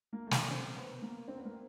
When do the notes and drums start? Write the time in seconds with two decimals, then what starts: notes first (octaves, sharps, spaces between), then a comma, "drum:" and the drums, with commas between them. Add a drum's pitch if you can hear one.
0.13 A#3
0.27 A3
0.31 A#3, drum: snare
0.51 C4
0.76 B3
1.02 A#3
1.28 C4
1.37 B3
1.45 A#3